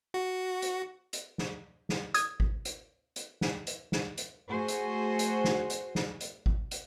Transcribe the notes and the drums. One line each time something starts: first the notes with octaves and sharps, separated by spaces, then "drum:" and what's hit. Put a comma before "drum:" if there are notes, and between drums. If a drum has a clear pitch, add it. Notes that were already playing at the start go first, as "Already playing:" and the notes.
F#4
drum: hi-hat
drum: hi-hat
drum: snare
drum: snare
D#6 G#6, drum: hi-hat
drum: kick G#1
drum: hi-hat
drum: hi-hat
drum: snare
drum: hi-hat
drum: snare
drum: hi-hat
A3 F#4 G#4 C5
drum: hi-hat
drum: hi-hat
drum: snare
drum: hi-hat
drum: snare
drum: hi-hat
drum: kick G#1
drum: hi-hat